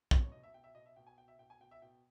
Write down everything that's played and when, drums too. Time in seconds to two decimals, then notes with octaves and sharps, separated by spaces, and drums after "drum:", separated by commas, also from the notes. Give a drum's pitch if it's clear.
0.11 B2, drum: kick
0.21 C#5
0.32 B2 D#5
0.43 E5
0.54 B2 G5
0.64 E5
0.75 B2 D#5
0.86 E5
0.96 B2 G5
1.07 G#5
1.18 B2 G5
1.28 E5
1.39 B2 G5
1.50 G#5
1.60 B2 G5
1.71 E5
1.82 B2 G5